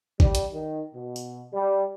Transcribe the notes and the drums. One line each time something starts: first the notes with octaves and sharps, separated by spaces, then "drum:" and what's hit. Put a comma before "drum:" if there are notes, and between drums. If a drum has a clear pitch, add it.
G3, drum: kick
drum: hi-hat
D#3
B2
drum: tambourine
G3